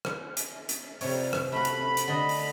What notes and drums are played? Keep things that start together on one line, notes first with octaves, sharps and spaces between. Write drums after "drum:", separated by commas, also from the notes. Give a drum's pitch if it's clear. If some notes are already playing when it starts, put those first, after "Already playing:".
drum: rim click
drum: hi-hat
drum: hi-hat
F2 C3 G3 C#5, drum: open hi-hat
drum: rim click
A3 F#4 B5
drum: hi-hat
drum: hi-hat
D3 D#5
drum: open hi-hat